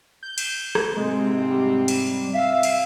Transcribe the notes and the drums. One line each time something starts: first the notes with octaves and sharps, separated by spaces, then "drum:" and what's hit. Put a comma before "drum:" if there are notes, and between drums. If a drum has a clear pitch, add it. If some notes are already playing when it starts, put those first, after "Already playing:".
G6
drum: cymbal
drum: rim click
G#2 C3 G#3 C4
G3
drum: cymbal
E5 F5
drum: cymbal